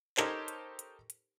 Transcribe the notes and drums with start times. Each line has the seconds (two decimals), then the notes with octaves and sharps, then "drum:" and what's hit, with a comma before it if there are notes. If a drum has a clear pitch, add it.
0.17 D#4 G4 A4 A#4 C5 C#5, drum: clap
0.48 drum: hi-hat
0.79 drum: hi-hat
1.10 drum: hi-hat